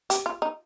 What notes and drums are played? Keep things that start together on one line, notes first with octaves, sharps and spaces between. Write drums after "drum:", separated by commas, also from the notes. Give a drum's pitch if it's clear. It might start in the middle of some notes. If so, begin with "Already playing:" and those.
G4, drum: hi-hat
F4
D#4